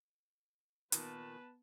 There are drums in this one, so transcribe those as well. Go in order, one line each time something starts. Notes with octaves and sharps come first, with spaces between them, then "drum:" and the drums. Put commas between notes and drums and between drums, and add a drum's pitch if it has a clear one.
A#2 D#3 B3 B4 A5, drum: hi-hat